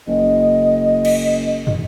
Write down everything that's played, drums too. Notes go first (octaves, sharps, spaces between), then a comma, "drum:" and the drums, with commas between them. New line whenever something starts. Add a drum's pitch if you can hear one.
F#1 D#5
drum: cymbal
drum: tom